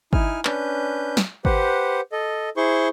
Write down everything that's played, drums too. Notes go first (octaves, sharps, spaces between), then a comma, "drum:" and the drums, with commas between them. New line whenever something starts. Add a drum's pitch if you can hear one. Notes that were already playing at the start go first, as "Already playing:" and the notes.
D#4 E4 G#5 F6, drum: kick G#1
C#4 D4 B4 G6, drum: clap
drum: snare
G4 B4 C5 F#5, drum: kick G#1
A4 D#5
E4 G#4 C5 C6 C#6